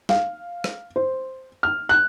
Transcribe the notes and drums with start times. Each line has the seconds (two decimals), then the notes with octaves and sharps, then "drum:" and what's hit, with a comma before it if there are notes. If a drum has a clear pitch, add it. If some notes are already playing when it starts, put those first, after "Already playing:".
0.09 F5, drum: snare
0.64 drum: rim click
0.96 C5
1.63 F6
1.89 F#6